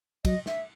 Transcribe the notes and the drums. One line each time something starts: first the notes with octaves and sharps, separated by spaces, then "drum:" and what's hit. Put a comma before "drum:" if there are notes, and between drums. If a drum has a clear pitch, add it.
F#3 D#5, drum: kick, cymbal
E5, drum: snare